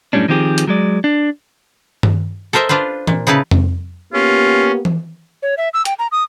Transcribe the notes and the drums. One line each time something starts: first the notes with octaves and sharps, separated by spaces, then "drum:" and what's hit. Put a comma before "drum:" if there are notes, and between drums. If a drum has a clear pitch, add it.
F#2 A2 C3 G3 C#4 D4
D#3 F3 C4 G4 G#4
drum: hi-hat
F#3 G#3 D5
D4
drum: tom G2
A4 A#4 C5 D#5 E5
D4 F4 B4 C5
A#2, drum: tom E3
C#3 D#4 E4 B4 A5
drum: tom F2
A#3 B3 C#4 F4 G4
drum: tom E3
C#5
E5
E6
G5, drum: hi-hat
A#5
D#6